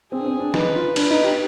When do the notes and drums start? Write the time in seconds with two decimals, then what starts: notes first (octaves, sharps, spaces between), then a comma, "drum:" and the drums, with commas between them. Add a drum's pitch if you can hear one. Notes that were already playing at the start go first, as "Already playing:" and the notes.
0.12 C4 G#4
0.20 D4
0.26 C4
0.40 D4
0.54 D#4 B4, drum: snare
0.75 F4
0.96 D4 B4, drum: cymbal
1.11 D#4
1.24 G4